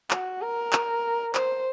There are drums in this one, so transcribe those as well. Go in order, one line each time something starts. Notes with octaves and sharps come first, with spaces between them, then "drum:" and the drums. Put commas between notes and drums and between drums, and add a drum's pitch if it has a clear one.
F#4, drum: clap
A#4
drum: clap
C5, drum: clap